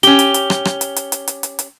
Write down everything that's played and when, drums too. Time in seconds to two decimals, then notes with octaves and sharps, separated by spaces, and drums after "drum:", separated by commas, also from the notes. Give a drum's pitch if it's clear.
0.03 C#4 G4 G7, drum: hi-hat
0.19 drum: hi-hat
0.34 drum: hi-hat
0.50 drum: rim click
0.65 drum: rim click
0.81 drum: hi-hat
0.96 drum: hi-hat
1.12 drum: hi-hat
1.28 drum: hi-hat
1.43 drum: hi-hat
1.59 drum: hi-hat